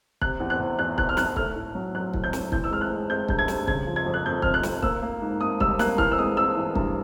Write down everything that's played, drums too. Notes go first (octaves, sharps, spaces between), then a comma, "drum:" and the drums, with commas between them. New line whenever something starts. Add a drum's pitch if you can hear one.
C3 F#6, drum: kick
E2
F#6
C3
E2 F#6
E3 F#6, drum: kick
F6
E3 F#6, drum: snare
A3 F6, drum: kick
A2
F#3
F#3 F#6
A2, drum: kick
G6
A2, drum: snare
E3 G6, drum: kick
E6
G#3 F6
F#6
G#3
G#3 G6
G2 G6, drum: kick
G#6
G2, drum: snare
C#3 G#6, drum: kick
F3
G#6
F2
F#6
F2 G6
F2 F6, drum: kick
F#6
F2, drum: snare
A#3 E6, drum: kick
A#3
G#2
A#3 D#6
G3 E6, drum: kick
A#3 F#6, drum: snare
E3 F6, drum: kick
E6
G#3 D#6
E3 E6
E3
G2, drum: kick